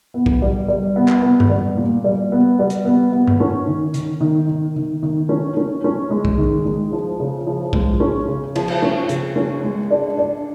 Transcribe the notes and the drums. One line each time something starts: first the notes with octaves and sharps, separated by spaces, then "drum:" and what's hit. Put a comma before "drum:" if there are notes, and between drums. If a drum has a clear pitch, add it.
B3
drum: kick
G3
G3
B3
drum: clap
B3
drum: tom G2
G3
A#2
G3
B3
G3
drum: hi-hat
B3
B3
drum: tom G2
C#4
D#3
D#3, drum: hi-hat
D#3
D#3
D#3
D#3
C#4
C#4
C#4
G#3
drum: kick
D#3
G#3
F3
C#3
F3
G#3, drum: kick
C#4
C#3
F3, drum: cymbal
drum: cymbal
C#4
C#3, drum: hi-hat
C#4
G#3
D4
D4